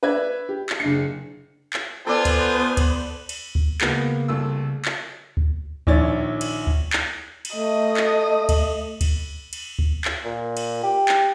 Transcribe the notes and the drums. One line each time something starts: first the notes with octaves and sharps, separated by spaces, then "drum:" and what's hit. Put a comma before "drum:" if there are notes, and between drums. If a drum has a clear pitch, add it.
B4 D5 E5 G#6
G4
drum: clap
F#1 D4 C7 C#7
drum: clap
B3 F4 A4 B4 C5 D5 G#5
drum: kick D2, cymbal
drum: kick D2, cymbal
drum: cymbal
drum: kick D2
C#3 G#3 A#3 B3, drum: clap
C2 A3 E6
drum: clap
drum: kick D2
A#1 D#3 E4 C#5 D5 A6, drum: kick D2
drum: cymbal
drum: kick D2
drum: clap
drum: cymbal
A3 D#5
drum: clap
drum: kick D2, cymbal
drum: kick D2, cymbal
drum: cymbal
drum: kick D2
drum: clap
A#2
drum: cymbal
G4
drum: clap